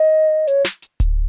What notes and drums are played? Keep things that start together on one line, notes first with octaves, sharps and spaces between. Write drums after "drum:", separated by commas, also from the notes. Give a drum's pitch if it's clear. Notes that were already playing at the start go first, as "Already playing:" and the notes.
Already playing: D#5
C#5, drum: hi-hat
drum: snare
drum: hi-hat
drum: kick D1, hi-hat